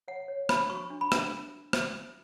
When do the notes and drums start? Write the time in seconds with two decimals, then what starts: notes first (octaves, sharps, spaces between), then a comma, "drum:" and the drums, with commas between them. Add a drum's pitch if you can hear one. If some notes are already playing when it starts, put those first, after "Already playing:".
0.08 C#5 F#5
0.28 C#5
0.49 D4 B5, drum: rim click
0.70 F#4 C#6
0.90 D4
1.01 B5
1.12 D4, drum: rim click
1.73 drum: rim click